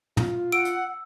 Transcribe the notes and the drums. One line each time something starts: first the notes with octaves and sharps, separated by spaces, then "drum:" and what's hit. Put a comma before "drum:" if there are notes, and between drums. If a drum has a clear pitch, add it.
F4, drum: tom
F#5 E6 D7
drum: hi-hat